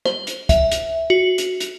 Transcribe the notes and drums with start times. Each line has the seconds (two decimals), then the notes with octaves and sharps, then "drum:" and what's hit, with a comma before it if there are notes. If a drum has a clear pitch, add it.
0.06 C5, drum: rim click
0.27 drum: hi-hat
0.49 E5, drum: kick, hi-hat
0.71 drum: hi-hat
1.10 F#4
1.38 drum: hi-hat
1.60 drum: hi-hat